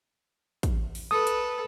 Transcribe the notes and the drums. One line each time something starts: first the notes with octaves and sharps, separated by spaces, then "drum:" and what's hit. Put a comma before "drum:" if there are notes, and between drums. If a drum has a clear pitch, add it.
drum: kick, hi-hat
drum: open hi-hat
A4 B4 D#6
drum: hi-hat